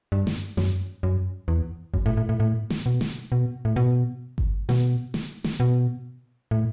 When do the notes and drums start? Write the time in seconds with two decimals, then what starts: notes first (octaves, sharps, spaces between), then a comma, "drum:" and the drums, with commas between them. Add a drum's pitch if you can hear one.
0.12 G2
0.27 drum: snare
0.57 F#2, drum: snare
1.03 F#2
1.48 E2
1.94 F#2, drum: kick G1
2.06 A2
2.17 A2
2.29 A2
2.40 A2
2.70 drum: snare
2.86 B2
3.01 drum: snare
3.32 B2
3.65 A2
3.76 B2
4.38 drum: kick G1
4.69 B2, drum: snare
5.14 drum: snare
5.44 drum: snare
5.60 B2
6.51 A2